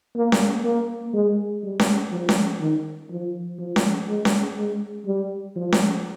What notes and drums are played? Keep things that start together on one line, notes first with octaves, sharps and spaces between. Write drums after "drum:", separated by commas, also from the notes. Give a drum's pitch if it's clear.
A#3
drum: snare C#4
A#3
G#3
G3
drum: snare C#4
F3
drum: snare C#4
D#3
F3
F3
drum: snare C#4
G#3
drum: snare C#4
G#3
G3
F3
drum: snare C#4